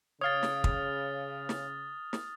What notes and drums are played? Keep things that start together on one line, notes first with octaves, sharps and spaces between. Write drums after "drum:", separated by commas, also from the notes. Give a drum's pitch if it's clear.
C#3 C#5 F5 D#6 F6 A6
drum: snare
drum: kick
drum: snare
drum: snare